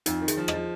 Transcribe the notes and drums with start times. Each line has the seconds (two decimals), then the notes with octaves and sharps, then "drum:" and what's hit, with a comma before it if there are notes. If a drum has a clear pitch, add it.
0.06 F2 D#4, drum: hi-hat
0.22 D#3
0.28 G#4, drum: hi-hat
0.37 F3
0.48 F3 D#5, drum: rim click